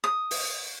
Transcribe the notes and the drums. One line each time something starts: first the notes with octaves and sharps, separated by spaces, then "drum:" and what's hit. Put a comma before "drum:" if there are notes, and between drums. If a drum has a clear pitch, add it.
D#6
drum: open hi-hat